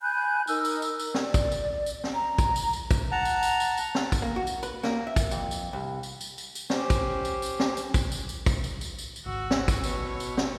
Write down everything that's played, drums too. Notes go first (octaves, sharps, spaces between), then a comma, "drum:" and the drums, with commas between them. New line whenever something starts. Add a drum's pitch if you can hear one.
G#5 B5 F#6 G6
D#4 A#4 E6, drum: tambourine
drum: tambourine
drum: tambourine
drum: tambourine
D5, drum: snare
drum: kick, tambourine
drum: tambourine
drum: tambourine
drum: snare
A#5
drum: kick, tambourine
drum: tambourine
drum: tambourine
drum: kick, tambourine
F#5 A5 A#5
drum: tambourine
drum: tambourine
drum: tambourine
drum: tambourine
drum: snare
drum: kick, tambourine
A#3
F#4
drum: tambourine
B4, drum: tambourine
A#3, drum: snare
E5
drum: kick, tambourine
F2, drum: tambourine
drum: tambourine
C2
drum: tambourine
drum: tambourine
drum: tambourine
drum: tambourine
C#4 G4 C5, drum: snare
drum: kick, tambourine
drum: tambourine
drum: tambourine
drum: snare
drum: tambourine
drum: kick, tambourine
drum: tambourine
drum: tambourine
drum: kick, tambourine
drum: tambourine
drum: tambourine
drum: tambourine
drum: tambourine
G#1 C#2 F#4 E6
drum: snare
drum: kick, tambourine
B2 C#5, drum: tambourine
drum: tambourine
drum: snare